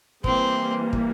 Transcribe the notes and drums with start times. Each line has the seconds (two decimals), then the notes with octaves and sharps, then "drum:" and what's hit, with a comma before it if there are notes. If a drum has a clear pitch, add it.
0.24 E3 G3 A#3 C4, drum: kick
0.93 drum: kick